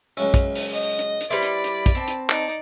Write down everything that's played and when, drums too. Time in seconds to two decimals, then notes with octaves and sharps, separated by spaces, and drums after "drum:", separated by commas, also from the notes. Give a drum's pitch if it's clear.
0.17 C#2 F#3 C#4 E5
0.34 drum: kick A#1, hi-hat
0.56 drum: open hi-hat
0.73 D#5
0.99 drum: hi-hat
1.21 drum: hi-hat
1.31 G3 E4 B4 C5 D5 B5
1.43 drum: hi-hat
1.64 drum: hi-hat
1.86 drum: kick A#1, hi-hat
1.95 C4 A5
2.08 drum: hi-hat
2.29 D#4 D5, drum: clap